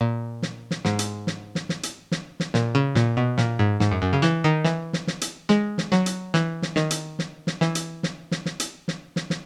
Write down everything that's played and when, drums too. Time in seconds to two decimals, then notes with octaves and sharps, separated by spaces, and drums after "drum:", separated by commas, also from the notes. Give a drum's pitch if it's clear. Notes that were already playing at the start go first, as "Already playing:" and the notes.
0.01 A#2
0.42 drum: snare
0.71 drum: snare
0.85 G#2, drum: snare
0.99 drum: hi-hat
1.27 drum: snare
1.55 drum: snare
1.69 drum: snare
1.83 drum: hi-hat
2.11 drum: snare
2.40 drum: snare
2.54 A#2, drum: snare
2.75 C#3
2.95 A#2, drum: snare
3.17 B2
3.38 A#2, drum: snare
3.59 G#2
3.80 G#2, drum: snare
3.91 F#2
4.02 F#2
4.13 C#3
4.22 E3, drum: snare
4.44 D#3
4.64 E3, drum: snare
4.93 drum: snare
5.07 drum: snare
5.21 drum: hi-hat
5.49 G#3, drum: snare
5.78 drum: snare
5.92 F#3, drum: snare
6.06 drum: hi-hat
6.34 E3, drum: snare
6.62 drum: snare
6.76 D#3, drum: snare
6.91 drum: hi-hat
7.19 drum: snare
7.47 drum: snare
7.61 E3, drum: snare
7.75 drum: hi-hat
8.03 drum: snare
8.31 drum: snare
8.46 drum: snare
8.60 drum: hi-hat
8.88 drum: snare
9.16 drum: snare
9.30 drum: snare